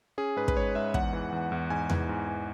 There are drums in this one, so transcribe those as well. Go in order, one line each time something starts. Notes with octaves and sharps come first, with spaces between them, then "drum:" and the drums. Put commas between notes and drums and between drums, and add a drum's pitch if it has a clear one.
C#4 G#4
G#2 B4
B4, drum: kick
G#3 C#5
G#2 E5
E2 F#5, drum: kick
E3
E2
E2
G#2 G#5
E3, drum: tom E2
G#2
G#2